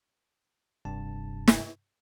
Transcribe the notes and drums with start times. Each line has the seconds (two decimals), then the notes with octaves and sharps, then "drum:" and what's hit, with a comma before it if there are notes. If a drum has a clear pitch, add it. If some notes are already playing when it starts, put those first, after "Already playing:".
0.85 F1 G2 C3 A5
1.48 drum: snare